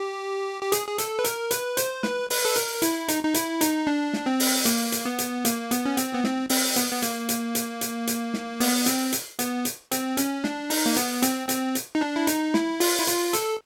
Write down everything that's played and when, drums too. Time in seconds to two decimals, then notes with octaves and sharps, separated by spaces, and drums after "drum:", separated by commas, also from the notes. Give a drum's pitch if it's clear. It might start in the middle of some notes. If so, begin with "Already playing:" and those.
Already playing: G4
0.62 G4
0.72 G#4, drum: hi-hat
0.88 G#4
0.98 A4, drum: hi-hat
1.19 B4
1.24 A#4, drum: hi-hat
1.51 B4, drum: hi-hat
1.77 C5, drum: hi-hat
2.03 B4, drum: snare
2.30 B4, drum: open hi-hat
2.45 A4
2.56 A#4, drum: hi-hat
2.82 E4, drum: hi-hat
3.08 D#4, drum: hi-hat
3.24 D#4
3.34 E4, drum: hi-hat
3.61 D#4, drum: hi-hat
3.87 D4
4.13 drum: snare
4.26 C4
4.40 drum: open hi-hat
4.65 A#3, drum: hi-hat
4.92 drum: hi-hat
5.05 B3
5.18 drum: hi-hat
5.45 A#3, drum: hi-hat
5.71 B3, drum: hi-hat
5.85 C#4
5.97 C4, drum: hi-hat
6.13 B3
6.24 C4, drum: snare
6.49 C4, drum: open hi-hat
6.76 B3, drum: hi-hat
6.92 B3
7.02 A#3, drum: hi-hat
7.29 drum: hi-hat
7.55 drum: hi-hat
7.81 drum: hi-hat
8.07 drum: hi-hat
8.34 drum: snare
8.60 B3, drum: open hi-hat
8.86 C4, drum: hi-hat
9.12 drum: hi-hat
9.39 B3, drum: hi-hat
9.65 drum: hi-hat
9.91 C4, drum: hi-hat
10.17 C#4, drum: hi-hat
10.44 D4, drum: snare
10.70 D#4, drum: open hi-hat
10.86 A#3
10.96 B3, drum: hi-hat
11.22 C4, drum: hi-hat
11.49 C4, drum: hi-hat
11.75 drum: hi-hat
11.95 D#4
12.01 D4
12.16 E4
12.27 D#4, drum: hi-hat
12.54 E4, drum: snare
12.80 F4, drum: open hi-hat
12.99 E4
13.07 F4, drum: hi-hat
13.33 A4, drum: hi-hat